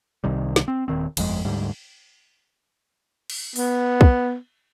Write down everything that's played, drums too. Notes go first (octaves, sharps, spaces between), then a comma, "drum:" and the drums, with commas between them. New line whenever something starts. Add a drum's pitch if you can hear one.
C2 C3 D#3 G3
drum: snare
C4
D#1 D#3 C4
G1 F2 G#3, drum: cymbal
D2 G#2 G3
drum: cymbal
B3, drum: open hi-hat
drum: kick